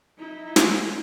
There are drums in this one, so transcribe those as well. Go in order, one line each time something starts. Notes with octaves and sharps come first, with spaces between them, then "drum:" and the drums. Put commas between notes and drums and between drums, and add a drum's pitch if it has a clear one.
D#4 E4
drum: snare